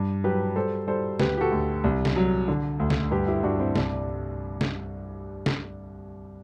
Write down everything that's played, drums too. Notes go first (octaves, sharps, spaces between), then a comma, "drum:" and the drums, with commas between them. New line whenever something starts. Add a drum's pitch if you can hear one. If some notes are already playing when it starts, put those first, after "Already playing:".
Already playing: G2
F#3 G4 B4
G3 A4 C5
G3 A4 C5
D2 G4 B4, drum: snare
G4
F#4 A4
D2
C2
drum: snare
F#3
D3
D2
drum: snare
G2 G4 B4
E4 G4
G2 D4 F#4
C4 E4
C2 D4, drum: snare
drum: snare
drum: snare